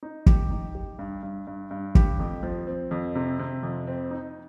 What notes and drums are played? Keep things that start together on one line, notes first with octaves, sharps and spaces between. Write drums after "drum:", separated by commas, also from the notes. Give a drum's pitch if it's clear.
D#4
G4, drum: kick
D#4
G4
G2
G2
G2
G2
G4, drum: kick
F2
F3
C4
F2
C3
C3
F2
C4
D#4